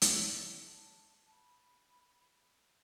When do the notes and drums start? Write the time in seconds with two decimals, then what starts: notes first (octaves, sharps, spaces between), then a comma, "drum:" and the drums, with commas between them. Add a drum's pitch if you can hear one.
0.02 D#5, drum: hi-hat
0.67 A5
1.31 B5